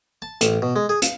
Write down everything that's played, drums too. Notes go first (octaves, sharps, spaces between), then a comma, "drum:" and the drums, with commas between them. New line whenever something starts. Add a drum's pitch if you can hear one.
A5
A1, drum: hi-hat
B2
G#3
G#4
F5, drum: hi-hat